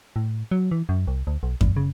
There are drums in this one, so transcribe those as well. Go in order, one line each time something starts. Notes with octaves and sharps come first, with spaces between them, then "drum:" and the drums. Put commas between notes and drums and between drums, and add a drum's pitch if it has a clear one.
A2
F#3
E3
F#2
C2
D2
B1
E2, drum: kick F#2
C#3